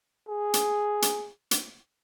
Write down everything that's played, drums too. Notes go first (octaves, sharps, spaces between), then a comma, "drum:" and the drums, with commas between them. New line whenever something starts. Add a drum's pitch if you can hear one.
G#4
drum: hi-hat
drum: hi-hat
drum: hi-hat